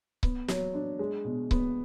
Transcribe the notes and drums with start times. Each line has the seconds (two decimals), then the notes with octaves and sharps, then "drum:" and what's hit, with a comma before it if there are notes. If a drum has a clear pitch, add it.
0.23 B3, drum: kick C#1
0.48 F#3, drum: snare
0.74 D4
0.99 G#3
1.25 B2
1.51 B3, drum: kick C#1